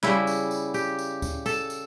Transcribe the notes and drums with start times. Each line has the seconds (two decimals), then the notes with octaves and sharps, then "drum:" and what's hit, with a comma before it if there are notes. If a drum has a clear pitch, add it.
0.03 C#3 G3 E4, drum: clap
0.27 drum: tambourine
0.51 drum: tambourine
0.74 G4, drum: tambourine
0.99 drum: tambourine
1.22 drum: kick D2, tambourine
1.46 A4, drum: tambourine
1.70 drum: tambourine